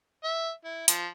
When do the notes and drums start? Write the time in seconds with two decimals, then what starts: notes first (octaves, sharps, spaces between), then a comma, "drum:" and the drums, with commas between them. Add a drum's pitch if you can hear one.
0.24 E5
0.64 E4
0.88 F3, drum: hi-hat